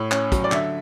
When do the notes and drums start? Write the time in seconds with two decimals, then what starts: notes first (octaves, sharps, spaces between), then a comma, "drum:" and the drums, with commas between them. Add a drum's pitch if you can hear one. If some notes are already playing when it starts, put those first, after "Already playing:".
Already playing: A2 C#5
0.11 C#4, drum: clap
0.32 F#3, drum: kick, hi-hat
0.44 D5
0.52 D3 E5, drum: clap